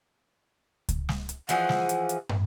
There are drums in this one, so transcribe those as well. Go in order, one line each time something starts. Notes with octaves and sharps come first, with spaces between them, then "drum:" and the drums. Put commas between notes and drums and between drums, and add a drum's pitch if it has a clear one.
drum: kick C#2, hi-hat
drum: snare
drum: hi-hat
E3 F3 G#4 F#5, drum: hi-hat
drum: snare
drum: hi-hat
drum: hi-hat
drum: tom